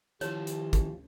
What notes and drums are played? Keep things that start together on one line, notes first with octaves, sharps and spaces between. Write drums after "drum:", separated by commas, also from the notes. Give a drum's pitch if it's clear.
D#3 F3 E4 G4 C#5 A5, drum: hi-hat
drum: hi-hat
drum: kick, hi-hat